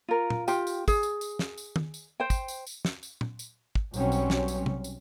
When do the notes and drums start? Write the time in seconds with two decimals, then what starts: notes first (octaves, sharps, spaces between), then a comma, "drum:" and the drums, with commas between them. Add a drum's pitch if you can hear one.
0.08 F4 A#4
0.30 drum: tom
0.48 F4 G4 G5, drum: tambourine
0.67 drum: tambourine
0.88 G#4, drum: kick, tambourine
1.03 drum: tambourine
1.21 drum: tambourine
1.39 drum: snare
1.58 drum: tambourine
1.76 drum: tom
1.94 drum: tambourine
2.20 C5 G5
2.30 drum: kick, tambourine
2.48 drum: tambourine
2.66 drum: tambourine
2.85 drum: snare
3.03 drum: tambourine
3.21 drum: tom
3.39 drum: tambourine
3.75 drum: kick
3.94 B1 B2 F#3 G3 C4 C#4, drum: tambourine
4.12 drum: tambourine
4.30 drum: snare
4.48 drum: tambourine
4.66 drum: tom C3
4.84 drum: tambourine